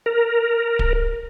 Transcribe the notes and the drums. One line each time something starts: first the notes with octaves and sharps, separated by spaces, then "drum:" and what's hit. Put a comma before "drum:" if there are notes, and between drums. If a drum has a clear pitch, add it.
A#4
drum: kick D1